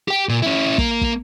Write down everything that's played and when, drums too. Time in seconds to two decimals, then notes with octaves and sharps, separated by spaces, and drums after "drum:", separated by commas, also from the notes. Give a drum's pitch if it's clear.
0.08 G4 G5
0.29 A#2
0.42 C#4 E4
0.78 A#3, drum: kick
1.01 drum: kick